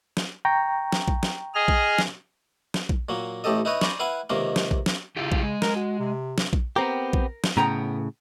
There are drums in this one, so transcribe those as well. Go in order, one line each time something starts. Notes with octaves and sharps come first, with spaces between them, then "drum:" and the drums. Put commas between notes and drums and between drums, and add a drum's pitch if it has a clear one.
drum: snare
G5 A#5 C#6
drum: snare
drum: kick A#1
drum: snare
G#4 D#5 F6
drum: kick A#1
drum: snare
drum: snare
drum: kick A#1
A#2 F#3 A#3
A1 A2 G4 A4 D#5
D#4 E4 B4 C#5 D#5
C5 D5 G#5 A#5 B5 C#6, drum: snare
E4 B4 F5 F#5 G#5
C#2 C3 D#3 A#3 A#4 C6
drum: snare
drum: kick A#1
drum: snare
C#3 E4 F4 G4
drum: kick A#1
G#3
A#4, drum: snare
F#4
C3
drum: snare
drum: kick A#1
B3 C4 G4 A#4
drum: kick A#1
drum: snare
A2 C#3 B3 G5 A#5